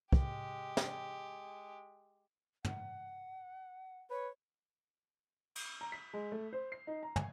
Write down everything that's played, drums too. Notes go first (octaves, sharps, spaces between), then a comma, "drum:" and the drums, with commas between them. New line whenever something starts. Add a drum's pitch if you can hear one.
G#3 G4, drum: kick
drum: snare
F#5, drum: tom
B4 C#5
drum: cymbal
A#5
B6
G#3
A3
C5
C7
D#4
A#5
G#5, drum: tom